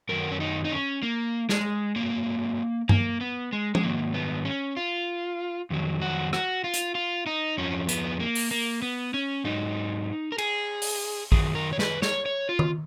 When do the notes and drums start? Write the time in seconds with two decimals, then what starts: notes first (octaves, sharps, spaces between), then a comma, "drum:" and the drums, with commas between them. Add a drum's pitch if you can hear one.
0.09 F#2 D#3 F#3 A#4
0.32 C#4
0.40 D#4
0.65 D#4
0.71 C#4
1.03 A#3
1.49 G#3, drum: snare
1.96 G#2 F#3 A#3
2.89 A#3, drum: tom G2
3.21 B3
3.53 G#3
3.75 G#3, drum: tom
3.83 G#2 D#3 F#3 A#3
4.14 B3
4.45 C#4
4.77 F4
5.70 F2 D#3 F#3
6.01 F#4
6.33 F#4, drum: rim click
6.64 F4
6.74 drum: hi-hat
6.95 F4
7.26 D#4
7.58 F2 F3 C#4
7.89 B3, drum: hi-hat
8.20 A#3
8.35 drum: open hi-hat
8.51 A#3
8.82 B3
9.14 C#4
9.44 G#2 F#3 D#4
10.32 A#4
10.38 G#4, drum: cymbal
10.82 drum: open hi-hat
11.32 F#2 D#3 F#3 G#4, drum: kick A1
11.55 A#4
11.73 C#5
11.79 B4, drum: snare
12.02 C#5, drum: snare
12.26 C#5
12.49 F4
12.59 drum: tom D#3